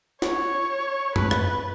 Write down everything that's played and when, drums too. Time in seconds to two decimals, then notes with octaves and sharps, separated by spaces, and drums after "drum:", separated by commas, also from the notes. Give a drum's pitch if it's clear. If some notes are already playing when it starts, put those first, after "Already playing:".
0.22 C#5, drum: snare
1.16 B4, drum: tom F#2
1.31 drum: rim click